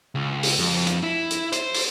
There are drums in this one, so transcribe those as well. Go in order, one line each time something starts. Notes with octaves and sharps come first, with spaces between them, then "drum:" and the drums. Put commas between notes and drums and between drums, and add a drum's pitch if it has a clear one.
C#2
drum: open hi-hat
F2
drum: hi-hat
E4
drum: hi-hat
C5, drum: hi-hat
drum: open hi-hat